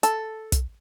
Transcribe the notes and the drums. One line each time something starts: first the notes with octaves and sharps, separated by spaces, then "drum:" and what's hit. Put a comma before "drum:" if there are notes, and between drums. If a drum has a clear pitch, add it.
A4, drum: hi-hat
drum: kick, hi-hat